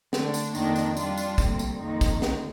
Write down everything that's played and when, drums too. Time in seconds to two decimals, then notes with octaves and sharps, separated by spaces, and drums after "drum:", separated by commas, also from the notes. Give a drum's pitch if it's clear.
0.13 D3 A3 D4, drum: snare
0.34 drum: tambourine
0.55 F2 D#3 A#3 D4, drum: tambourine
0.76 drum: tambourine
0.97 G3 D4 F4, drum: tambourine
1.17 drum: tambourine
1.38 D2 C3 G3 A#3, drum: kick, tambourine
1.59 drum: tambourine
1.80 F2 D#3 A#3 D#4
2.01 drum: kick, tambourine
2.22 D2, drum: snare